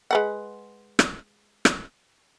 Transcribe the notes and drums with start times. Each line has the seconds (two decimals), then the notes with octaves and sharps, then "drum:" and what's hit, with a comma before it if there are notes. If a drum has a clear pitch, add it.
0.11 G#3 B4 F#5
0.99 drum: rim click
1.65 drum: rim click